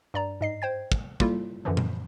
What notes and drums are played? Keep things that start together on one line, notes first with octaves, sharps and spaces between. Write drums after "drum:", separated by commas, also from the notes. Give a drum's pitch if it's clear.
G2 D5 A#5
G#2 D#5 C7
C5 G5 G#6
drum: kick
G3 A#3 E4 F4 A4, drum: kick
F#2 D3 E3 F3
drum: tom A#2